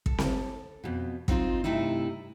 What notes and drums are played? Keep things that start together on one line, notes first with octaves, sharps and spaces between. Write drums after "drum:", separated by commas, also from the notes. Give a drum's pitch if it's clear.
A4, drum: kick
drum: snare C4
F2 B2
B3 C4 D#4 F4 C5, drum: kick
G2 C3 A3 C4 D#4 E4